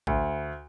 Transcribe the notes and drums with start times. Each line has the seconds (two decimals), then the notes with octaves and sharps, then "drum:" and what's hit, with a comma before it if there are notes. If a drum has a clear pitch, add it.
0.07 D2, drum: kick A1